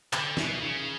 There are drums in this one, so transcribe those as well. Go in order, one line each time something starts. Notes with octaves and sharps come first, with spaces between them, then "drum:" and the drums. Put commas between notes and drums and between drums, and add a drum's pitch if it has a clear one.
D3, drum: clap
B2, drum: snare
C#3